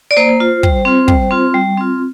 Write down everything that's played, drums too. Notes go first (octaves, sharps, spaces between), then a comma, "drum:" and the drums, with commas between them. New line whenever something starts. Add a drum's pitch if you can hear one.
D5
A#3 C5
F4
G3, drum: kick
C4 F4
G3, drum: kick
C4 F4
G3
C4 F4